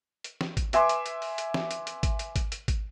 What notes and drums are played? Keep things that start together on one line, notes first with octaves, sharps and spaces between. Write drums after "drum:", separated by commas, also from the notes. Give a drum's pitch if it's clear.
drum: hi-hat
drum: snare
drum: kick G#1, hi-hat
B4 E5 G#5 C6 D6, drum: hi-hat
drum: hi-hat
drum: hi-hat
drum: open hi-hat
drum: hi-hat
drum: snare
drum: hi-hat
drum: hi-hat
drum: kick G#1, hi-hat
drum: hi-hat
drum: kick G#1, hi-hat
drum: hi-hat
drum: kick G#1, hi-hat